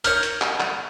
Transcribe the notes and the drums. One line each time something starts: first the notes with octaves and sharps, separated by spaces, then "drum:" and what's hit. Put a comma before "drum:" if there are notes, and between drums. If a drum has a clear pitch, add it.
A#4 C#5 F6 G6, drum: hi-hat
drum: hi-hat
drum: clap
drum: clap